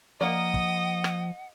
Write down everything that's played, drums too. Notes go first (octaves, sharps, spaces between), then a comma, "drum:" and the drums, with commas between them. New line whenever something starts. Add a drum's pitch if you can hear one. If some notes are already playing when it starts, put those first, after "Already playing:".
F3 A#3 A#4 D5 D#5 F#5 D#6
drum: kick
drum: rim click